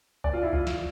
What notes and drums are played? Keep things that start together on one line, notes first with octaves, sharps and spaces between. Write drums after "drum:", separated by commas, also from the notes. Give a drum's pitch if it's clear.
D5, drum: kick C#2
F4
E4
F4, drum: kick C#2
drum: snare